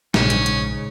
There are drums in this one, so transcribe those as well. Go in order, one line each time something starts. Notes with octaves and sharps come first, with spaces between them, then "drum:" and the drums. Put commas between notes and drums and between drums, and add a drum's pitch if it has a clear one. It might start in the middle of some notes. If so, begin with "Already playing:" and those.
A#1 G#2 C#3 C#4, drum: snare
drum: hi-hat
drum: hi-hat